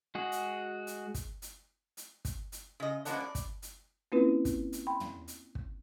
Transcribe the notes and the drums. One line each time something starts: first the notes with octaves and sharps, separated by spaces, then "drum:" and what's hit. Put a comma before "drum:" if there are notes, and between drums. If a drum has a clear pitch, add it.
G#3 F#4 G#4
drum: hi-hat
drum: hi-hat
drum: kick, hi-hat
drum: hi-hat
drum: hi-hat
drum: kick, hi-hat
drum: hi-hat
C#3 D#5
F3 G#3 A#3 B3 C#4 D4, drum: hi-hat
D5
drum: kick, hi-hat
drum: hi-hat
A#3 C4 C#4 E4 F4 B4
drum: kick, hi-hat
drum: hi-hat
G5 B5 C6
drum: tom
drum: hi-hat
drum: kick